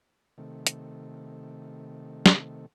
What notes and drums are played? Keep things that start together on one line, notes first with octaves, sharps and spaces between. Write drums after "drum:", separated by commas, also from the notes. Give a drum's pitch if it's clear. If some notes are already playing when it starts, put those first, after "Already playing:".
C3 D#3 A3
drum: hi-hat
drum: snare